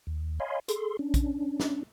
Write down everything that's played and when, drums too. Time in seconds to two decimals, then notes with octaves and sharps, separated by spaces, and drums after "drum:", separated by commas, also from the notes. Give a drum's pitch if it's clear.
0.07 D#2
0.40 C#5 D#5 F5 G#5 B5 C6
0.68 G#4 A4 C6, drum: hi-hat
0.99 C#4 D4
1.14 drum: kick A#1, hi-hat
1.60 drum: snare